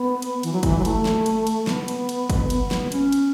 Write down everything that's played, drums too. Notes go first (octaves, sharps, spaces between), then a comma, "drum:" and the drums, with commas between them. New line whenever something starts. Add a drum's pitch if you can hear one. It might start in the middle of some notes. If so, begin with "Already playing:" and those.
Already playing: B3
drum: cymbal
E3, drum: cymbal
F#3
E3, drum: kick, cymbal
F#3
A3, drum: cymbal
drum: snare
drum: cymbal
drum: cymbal
B3, drum: snare
drum: cymbal
drum: cymbal
drum: kick, cymbal
B3, drum: cymbal
drum: snare
C#4, drum: cymbal
drum: cymbal